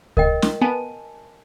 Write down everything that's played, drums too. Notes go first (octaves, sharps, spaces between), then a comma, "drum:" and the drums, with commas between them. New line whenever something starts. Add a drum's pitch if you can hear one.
A#4 D#5 G5, drum: kick C#2
drum: snare
B3 G#5 A5